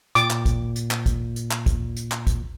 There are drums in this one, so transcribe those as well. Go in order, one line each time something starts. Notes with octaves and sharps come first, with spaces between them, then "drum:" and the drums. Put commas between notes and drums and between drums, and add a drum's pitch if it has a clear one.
A#2 D6, drum: hi-hat
drum: clap
drum: kick, hi-hat
drum: hi-hat
drum: clap
drum: kick, hi-hat
drum: hi-hat
drum: clap
drum: kick, hi-hat
drum: hi-hat
drum: clap
drum: kick, hi-hat